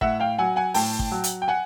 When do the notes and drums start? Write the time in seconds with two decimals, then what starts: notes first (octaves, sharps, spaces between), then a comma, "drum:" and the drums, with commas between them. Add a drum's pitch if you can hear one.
0.01 A2 E5 F#5, drum: kick
0.20 F5 G5
0.38 F#3 F#5 G#5
0.56 F#5 G#5
0.74 A2 G5 A5, drum: open hi-hat
0.99 drum: kick
1.12 F#3
1.24 drum: hi-hat
1.42 G5
1.48 F#5 G#5